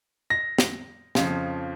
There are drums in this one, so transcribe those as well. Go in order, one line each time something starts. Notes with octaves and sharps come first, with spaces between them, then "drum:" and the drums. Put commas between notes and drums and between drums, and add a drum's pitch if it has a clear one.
A#6
drum: snare
F2 C#3 F3, drum: snare